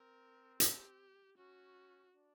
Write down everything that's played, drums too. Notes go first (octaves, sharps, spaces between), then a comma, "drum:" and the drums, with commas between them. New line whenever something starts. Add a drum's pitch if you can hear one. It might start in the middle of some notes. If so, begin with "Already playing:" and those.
Already playing: C4 A#4
G4, drum: hi-hat
C#4 F#4
D4